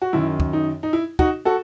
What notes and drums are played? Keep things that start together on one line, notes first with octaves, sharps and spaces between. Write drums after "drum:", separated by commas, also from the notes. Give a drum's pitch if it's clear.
F#4
F#2 D#3 E4
drum: kick
D#4
D#4
E4
D#4 F#4, drum: kick
F#4 A4